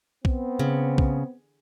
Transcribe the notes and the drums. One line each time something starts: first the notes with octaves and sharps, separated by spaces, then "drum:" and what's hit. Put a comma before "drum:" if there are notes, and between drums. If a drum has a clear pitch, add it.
B3 C4, drum: kick B1
C#3
drum: kick B1